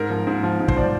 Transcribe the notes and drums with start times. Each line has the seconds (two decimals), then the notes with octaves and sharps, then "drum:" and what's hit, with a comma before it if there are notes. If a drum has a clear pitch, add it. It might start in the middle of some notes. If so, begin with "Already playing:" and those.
Already playing: G#2 A#4
0.10 F3
0.27 G#2
0.43 F3
0.60 G#2
0.68 C5, drum: kick
0.76 F3 D5